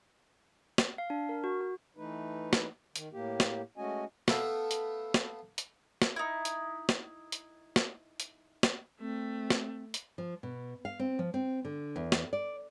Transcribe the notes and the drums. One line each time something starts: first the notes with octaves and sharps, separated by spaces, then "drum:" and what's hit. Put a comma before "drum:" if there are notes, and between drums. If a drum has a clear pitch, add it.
drum: snare
F5
D4
A#4
F#4
F#4
E3 A3 D#4 B4
drum: snare
D#3, drum: hi-hat
A2 A#3 G4
drum: snare
G#3 A3 C#4 F#4 D#5 G#5
A3 B3 E5 F5, drum: snare
drum: hi-hat
drum: snare
drum: hi-hat
drum: snare
D#4 E4
drum: hi-hat
drum: snare
drum: hi-hat
drum: snare
drum: hi-hat
drum: snare
A3 C4
drum: snare
drum: hi-hat
F3
B2
F5
C4
F3
C4
D3
E2
drum: snare
D5